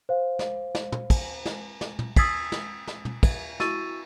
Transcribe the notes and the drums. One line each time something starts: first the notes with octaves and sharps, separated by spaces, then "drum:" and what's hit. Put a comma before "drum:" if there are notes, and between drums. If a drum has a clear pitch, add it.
C5 F5
drum: snare
drum: snare
drum: tom
drum: kick, cymbal
drum: snare
drum: snare
drum: tom
D#6 E6 G#6 A6 B6 C7, drum: kick, cymbal
drum: snare
drum: snare
drum: tom
drum: kick, cymbal
E4 F#4 C#6 E6 A6 D#7, drum: snare